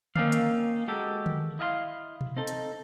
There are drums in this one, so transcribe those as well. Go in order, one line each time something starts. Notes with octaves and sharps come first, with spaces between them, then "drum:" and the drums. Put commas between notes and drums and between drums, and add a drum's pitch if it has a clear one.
A#3 C4 C#4 D#4 D5 F5, drum: tom D3
drum: hi-hat
G#3 F#4 G4 A4 A#4
drum: tom D3
E4 D#5 F5 G#5 C6
drum: tom B2
C4 D#4 A4
drum: hi-hat